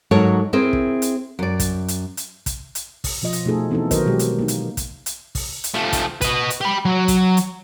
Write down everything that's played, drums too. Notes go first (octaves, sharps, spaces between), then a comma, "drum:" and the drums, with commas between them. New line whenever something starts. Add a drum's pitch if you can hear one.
G#2 F#3 A4 A#4 C#5
C4 E4 G#4 A#4 C5
drum: kick
drum: hi-hat
F#2 D5
drum: kick, hi-hat
drum: hi-hat
drum: hi-hat
drum: kick, hi-hat
drum: hi-hat
drum: kick, open hi-hat
B2 F3 F4 D#5
drum: hi-hat
B2 A3 D#4 F4 G#4 A4
E3 B3 C4 D#4 E4 A4
D#3 F#3 F#4 A#4 C5 D#5, drum: kick, hi-hat
B2 F#3 G#3 G4
drum: hi-hat
A#3 D#4
drum: hi-hat
drum: kick, hi-hat
drum: hi-hat
drum: kick, open hi-hat
drum: hi-hat
F3 A3
drum: kick, hi-hat
B4 D#5, drum: kick, hi-hat
drum: hi-hat
G4 B5
F#3
drum: kick, hi-hat
drum: hi-hat